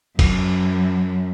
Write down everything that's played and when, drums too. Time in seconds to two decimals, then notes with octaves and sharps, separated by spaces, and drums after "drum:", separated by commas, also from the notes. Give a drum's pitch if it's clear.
0.19 F#2, drum: kick, cymbal